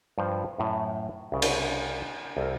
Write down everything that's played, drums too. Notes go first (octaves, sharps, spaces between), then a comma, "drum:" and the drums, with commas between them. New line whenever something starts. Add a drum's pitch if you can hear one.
G2 F3 C5 G5 A5
F#2 A2
C2 C#3 D5
drum: cymbal
C2 A4 A#4